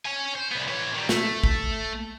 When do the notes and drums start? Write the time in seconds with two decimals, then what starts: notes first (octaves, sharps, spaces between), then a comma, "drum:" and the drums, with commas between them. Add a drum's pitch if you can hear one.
0.06 C#5 G#5
0.35 C5
0.51 C2 B3
0.68 E3 C#5
0.94 D#3 G3
1.09 A3, drum: snare
1.44 drum: kick